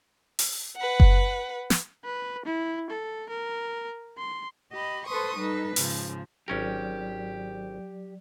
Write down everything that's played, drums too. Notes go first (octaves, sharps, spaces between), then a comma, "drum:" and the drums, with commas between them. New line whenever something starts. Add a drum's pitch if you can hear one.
drum: open hi-hat
B4 F#5
drum: kick F#1
drum: snare
B4
E4
A4
A#4
C6
G4 D#5 B5
A4 B4 C5 C6 C#6 D#6
G3 D#4 A4 B4
G#2 C#3 F3, drum: open hi-hat
G#1 F#3 C#4 G4 A#4 D5